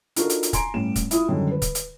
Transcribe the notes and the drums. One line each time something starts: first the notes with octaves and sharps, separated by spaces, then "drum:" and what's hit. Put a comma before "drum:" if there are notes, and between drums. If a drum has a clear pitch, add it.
D4 D#4 F4 F#4 A4 A#4, drum: hi-hat
drum: hi-hat
drum: hi-hat
G#5 A#5 C6 D7, drum: kick, hi-hat
A1 G2 G3 E7
drum: kick, hi-hat
E4 F4 D#6, drum: hi-hat
F#2 D3 D#3 G3 G#3
B4
drum: kick, hi-hat
drum: hi-hat